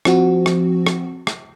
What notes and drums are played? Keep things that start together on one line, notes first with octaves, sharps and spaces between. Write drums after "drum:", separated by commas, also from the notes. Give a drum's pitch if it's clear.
F3 C4 F#4, drum: rim click
drum: rim click
drum: rim click
drum: rim click